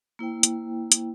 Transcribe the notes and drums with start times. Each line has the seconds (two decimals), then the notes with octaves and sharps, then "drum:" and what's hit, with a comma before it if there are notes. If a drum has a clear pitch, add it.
0.19 A#3 E4 C5 G5
0.43 drum: hi-hat
0.92 drum: hi-hat